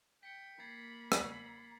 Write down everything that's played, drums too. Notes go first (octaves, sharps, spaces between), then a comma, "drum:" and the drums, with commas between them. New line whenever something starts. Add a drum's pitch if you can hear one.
G5 B6 C#7
A#3 B5 G#6 A6 C7
drum: rim click